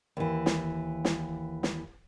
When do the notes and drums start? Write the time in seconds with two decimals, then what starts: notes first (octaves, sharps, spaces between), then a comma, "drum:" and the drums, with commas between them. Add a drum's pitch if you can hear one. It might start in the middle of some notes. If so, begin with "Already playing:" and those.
0.17 D#2 E3
0.46 drum: snare
1.05 drum: snare
1.63 drum: snare